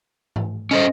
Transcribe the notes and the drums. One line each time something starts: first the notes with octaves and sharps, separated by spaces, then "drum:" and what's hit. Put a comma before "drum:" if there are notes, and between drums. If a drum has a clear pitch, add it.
drum: tom G#2
C#4 A4 C5 D#5